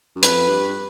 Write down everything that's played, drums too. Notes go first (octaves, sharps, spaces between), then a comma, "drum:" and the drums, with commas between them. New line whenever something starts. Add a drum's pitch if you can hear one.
F#2
F2 B4, drum: hi-hat
G2